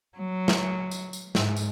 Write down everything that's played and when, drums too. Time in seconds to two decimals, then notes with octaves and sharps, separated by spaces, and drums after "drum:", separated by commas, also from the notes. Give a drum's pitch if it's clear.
0.18 F#3
0.48 drum: snare
0.91 drum: tambourine
1.13 drum: tambourine
1.35 G#2, drum: snare
1.57 drum: tambourine